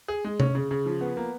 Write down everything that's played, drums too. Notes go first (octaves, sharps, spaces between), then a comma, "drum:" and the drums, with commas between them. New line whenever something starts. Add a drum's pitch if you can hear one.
G#4
G#3
C#4, drum: tom C3
C#3
C#3
F3
B3
A#3